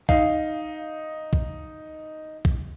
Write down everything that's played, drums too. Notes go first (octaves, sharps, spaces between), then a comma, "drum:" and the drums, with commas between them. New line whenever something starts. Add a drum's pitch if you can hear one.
D#4 F5, drum: kick B1
drum: kick B1
drum: kick B1